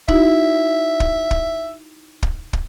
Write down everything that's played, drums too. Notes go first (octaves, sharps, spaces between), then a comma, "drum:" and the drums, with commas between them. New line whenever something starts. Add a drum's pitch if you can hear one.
D#4 E4 F#4 E5, drum: kick
drum: kick
drum: kick
drum: kick
drum: kick